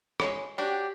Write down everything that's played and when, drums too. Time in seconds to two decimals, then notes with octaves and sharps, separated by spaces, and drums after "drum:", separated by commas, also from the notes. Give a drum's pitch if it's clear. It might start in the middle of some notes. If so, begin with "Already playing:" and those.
0.20 G#3 C#5 B5, drum: rim click
0.58 C#4 D4 F#4 G4